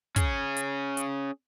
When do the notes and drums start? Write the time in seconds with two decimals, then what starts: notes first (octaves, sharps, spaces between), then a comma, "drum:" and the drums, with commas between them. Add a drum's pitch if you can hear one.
0.16 C#4 G#4, drum: kick, hi-hat
0.57 drum: hi-hat
0.97 drum: hi-hat